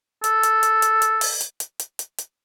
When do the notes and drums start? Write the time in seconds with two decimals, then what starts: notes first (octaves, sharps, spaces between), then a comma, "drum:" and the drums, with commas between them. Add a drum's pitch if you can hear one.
0.24 A4, drum: hi-hat
0.43 drum: hi-hat
0.63 drum: hi-hat
0.82 drum: hi-hat
1.02 drum: hi-hat
1.21 drum: open hi-hat
1.41 drum: hi-hat
1.60 drum: hi-hat
1.80 drum: hi-hat
1.99 drum: hi-hat
2.18 drum: hi-hat